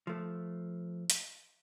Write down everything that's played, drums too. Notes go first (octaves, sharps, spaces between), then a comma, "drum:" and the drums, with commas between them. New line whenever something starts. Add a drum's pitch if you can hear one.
F3 A3
drum: hi-hat